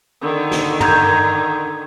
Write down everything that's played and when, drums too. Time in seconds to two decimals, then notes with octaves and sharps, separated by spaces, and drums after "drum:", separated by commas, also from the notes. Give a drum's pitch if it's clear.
0.22 D3 D#3
0.51 drum: snare
0.80 A#5 G6 G#6, drum: tom